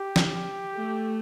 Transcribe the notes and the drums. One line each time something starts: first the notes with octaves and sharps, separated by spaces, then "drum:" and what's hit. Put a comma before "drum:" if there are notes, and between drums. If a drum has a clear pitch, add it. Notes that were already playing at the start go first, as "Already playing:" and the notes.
Already playing: G4
drum: snare
A3